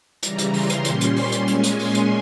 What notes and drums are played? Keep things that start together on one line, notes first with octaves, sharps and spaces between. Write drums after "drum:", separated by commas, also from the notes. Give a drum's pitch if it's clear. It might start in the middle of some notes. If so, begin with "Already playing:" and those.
C#3 E3 G3 A#5, drum: hi-hat
drum: hi-hat
C6, drum: open hi-hat
drum: hi-hat
A#2 G3 C#4 C6, drum: hi-hat
drum: hi-hat
drum: open hi-hat
drum: hi-hat
A#2 G#3 C#4 G#5, drum: hi-hat
drum: hi-hat
C6, drum: open hi-hat
drum: hi-hat